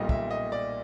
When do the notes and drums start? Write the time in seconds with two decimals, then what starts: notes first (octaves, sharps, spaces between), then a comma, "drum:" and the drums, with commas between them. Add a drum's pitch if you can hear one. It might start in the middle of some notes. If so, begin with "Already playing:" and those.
Already playing: B1 A#2 G3 D#5
0.09 E5, drum: kick
0.31 D#5
0.52 D5